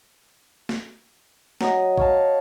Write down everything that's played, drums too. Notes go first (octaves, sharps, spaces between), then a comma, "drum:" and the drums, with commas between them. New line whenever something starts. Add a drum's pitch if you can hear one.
drum: snare
F#3 D#5, drum: snare
C#5 F5 A5, drum: kick